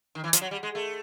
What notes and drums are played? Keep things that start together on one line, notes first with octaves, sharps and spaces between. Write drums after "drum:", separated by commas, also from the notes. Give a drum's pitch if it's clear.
D#3
E3
F3, drum: hi-hat
F#3
G3
G#3
A3